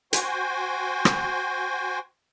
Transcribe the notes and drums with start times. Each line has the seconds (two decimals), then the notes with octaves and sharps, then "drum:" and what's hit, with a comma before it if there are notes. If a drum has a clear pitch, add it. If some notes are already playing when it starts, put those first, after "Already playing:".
0.13 F#4 C5 G5 G#5, drum: hi-hat
1.05 drum: rim click